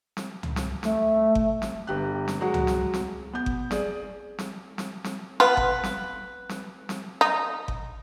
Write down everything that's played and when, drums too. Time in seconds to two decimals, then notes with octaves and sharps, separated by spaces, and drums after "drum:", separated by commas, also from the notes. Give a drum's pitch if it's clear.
0.17 drum: snare
0.43 drum: tom
0.56 drum: snare
0.83 A3, drum: snare
1.35 drum: kick G1
1.62 drum: snare
1.87 G1 G4 F#6
2.28 drum: snare
2.41 F#3 G#3 F#4
2.54 drum: tom
2.67 drum: snare
2.94 drum: snare
3.33 B3 G6
3.46 drum: kick G1
3.71 G#4 D5, drum: snare
4.39 drum: snare
4.78 drum: snare
5.04 drum: snare
5.40 B3 F4 B4
5.57 drum: kick G1
5.84 drum: snare
6.49 drum: snare
6.89 drum: snare
7.21 D#4 D#6
7.68 drum: kick G1